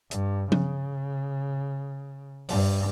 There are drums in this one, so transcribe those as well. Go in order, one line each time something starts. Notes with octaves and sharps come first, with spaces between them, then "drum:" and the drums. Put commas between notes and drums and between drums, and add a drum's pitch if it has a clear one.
G2, drum: hi-hat
C#3, drum: tom F3
G2, drum: open hi-hat